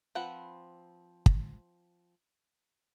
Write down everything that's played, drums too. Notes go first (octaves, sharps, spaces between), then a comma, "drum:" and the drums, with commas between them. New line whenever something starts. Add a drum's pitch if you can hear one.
F3 C4 B4 F#5 B5
drum: kick